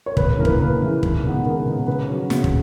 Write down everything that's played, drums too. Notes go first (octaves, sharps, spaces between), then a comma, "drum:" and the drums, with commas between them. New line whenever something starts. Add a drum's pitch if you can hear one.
C#5
C#3 B4, drum: kick
E3 A#3 A#4
B4, drum: kick
C#3 B4
E3 A#3
D#2, drum: kick
C#3 G#3 B3 D#4
D#2 A#4
C#3 G#3 B3 D#4
C#3 B4
F#3 C#4
C#3, drum: snare
drum: kick